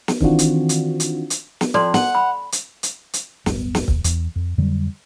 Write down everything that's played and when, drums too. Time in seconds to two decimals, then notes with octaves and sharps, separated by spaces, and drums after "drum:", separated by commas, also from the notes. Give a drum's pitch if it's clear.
0.08 drum: snare
0.21 D#3 E3 C4 D4 F4 F#4, drum: kick C#1
0.39 drum: hi-hat
0.69 drum: hi-hat
1.00 drum: hi-hat
1.30 drum: hi-hat
1.61 drum: snare
1.74 F2 A4 D5 C6
1.94 F#5, drum: snare
2.15 B5
2.52 drum: hi-hat
2.83 drum: hi-hat
3.13 drum: hi-hat
3.46 D1 G1 B3, drum: snare
3.75 drum: snare
3.88 D#2, drum: kick C#1
4.04 E2, drum: hi-hat
4.36 F2
4.58 F2 D3 F#3 G3